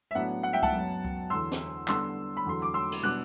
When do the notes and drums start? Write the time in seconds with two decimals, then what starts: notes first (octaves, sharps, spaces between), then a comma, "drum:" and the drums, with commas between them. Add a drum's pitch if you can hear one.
0.11 E5
0.15 A2 F#3 B3 D4 F#5
0.43 F#5
0.53 E5 G5
0.63 F#5 A5, drum: kick C#2
0.73 F#2 F#3 B3
1.05 drum: kick C#2
1.30 E2 D3 F#3 C6 E6
1.51 drum: snare
1.88 D3 G3 B3 D4 C6 E6, drum: clap
2.37 B5
2.45 E2 D3 F#3 C6
2.62 D6
2.74 C6 E6
2.92 drum: cymbal
3.03 B2 G3 B3 D4 D6 F#6